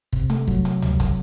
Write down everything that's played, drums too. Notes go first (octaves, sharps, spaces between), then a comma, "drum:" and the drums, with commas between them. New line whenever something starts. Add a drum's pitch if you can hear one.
C3, drum: kick
A3, drum: hi-hat
F#3, drum: kick
drum: hi-hat
drum: tom C#2
drum: kick, hi-hat